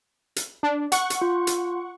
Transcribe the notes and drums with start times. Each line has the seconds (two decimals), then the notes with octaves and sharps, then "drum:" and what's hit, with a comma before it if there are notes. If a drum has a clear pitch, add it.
0.36 drum: hi-hat
0.63 D4
0.92 F#5 C#6, drum: hi-hat
1.10 drum: hi-hat
1.21 F4
1.47 drum: hi-hat